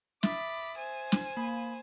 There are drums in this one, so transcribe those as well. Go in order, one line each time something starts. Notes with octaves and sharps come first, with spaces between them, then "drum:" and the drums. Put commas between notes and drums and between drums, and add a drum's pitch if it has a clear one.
E5 B5 D6 D#6 A6, drum: snare
C5 G#5
drum: snare
A#3 B5